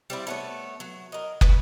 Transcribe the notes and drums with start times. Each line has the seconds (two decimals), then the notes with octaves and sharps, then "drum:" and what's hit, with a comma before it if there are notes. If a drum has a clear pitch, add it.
0.10 G3 C4 E4
0.27 A3 B3 C#5
0.80 F#3
1.12 A#4 D#5
1.41 F#3 B4, drum: kick